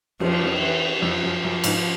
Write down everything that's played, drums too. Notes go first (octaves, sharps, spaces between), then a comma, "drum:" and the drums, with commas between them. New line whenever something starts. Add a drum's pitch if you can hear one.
F2 F3, drum: cymbal
F2
E3
F2 F3
F#2
F#2
G#2, drum: cymbal